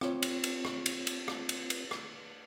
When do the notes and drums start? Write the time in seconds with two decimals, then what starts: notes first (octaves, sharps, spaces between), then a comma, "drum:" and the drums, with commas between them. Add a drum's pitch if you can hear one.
0.01 C4 F4 C#5, drum: rim click
0.22 drum: cymbal
0.44 drum: cymbal
0.65 drum: rim click
0.86 drum: cymbal
1.07 drum: cymbal
1.28 drum: rim click
1.49 drum: cymbal
1.70 drum: cymbal
1.91 drum: rim click